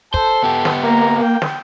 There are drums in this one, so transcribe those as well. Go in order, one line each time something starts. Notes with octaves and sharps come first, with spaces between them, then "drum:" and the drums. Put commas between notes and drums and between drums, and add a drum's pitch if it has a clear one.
A4 C5, drum: kick
B3 G4
drum: snare
A#3 A#5
G5
drum: snare